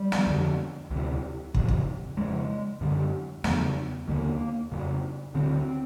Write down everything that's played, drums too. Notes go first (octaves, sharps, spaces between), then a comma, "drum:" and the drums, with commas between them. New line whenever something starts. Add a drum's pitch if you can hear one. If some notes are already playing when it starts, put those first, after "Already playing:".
Already playing: G3
drum: snare
F2 D3
D2 C3
F2 C#3, drum: kick
drum: kick
F2 C#3 G#3
F#2 D3
E2 C#3 A3, drum: snare
D#2 D3 A#3
F2 C#3
D2 D3 C4